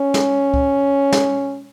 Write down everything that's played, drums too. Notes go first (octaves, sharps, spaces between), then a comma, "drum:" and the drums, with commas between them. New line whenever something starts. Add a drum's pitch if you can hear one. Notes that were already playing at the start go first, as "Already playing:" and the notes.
Already playing: C#4
drum: snare
drum: kick C#2
drum: snare